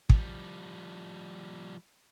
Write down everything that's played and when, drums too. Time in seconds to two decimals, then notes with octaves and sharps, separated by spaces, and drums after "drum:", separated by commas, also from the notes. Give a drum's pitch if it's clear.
0.10 F3 G3, drum: kick